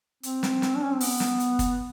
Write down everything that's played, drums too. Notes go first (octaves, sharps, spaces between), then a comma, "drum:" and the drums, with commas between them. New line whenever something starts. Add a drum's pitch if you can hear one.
C4, drum: hi-hat
drum: snare
drum: snare
D4
C#4
C4
B3, drum: open hi-hat
drum: snare
drum: hi-hat
drum: kick, hi-hat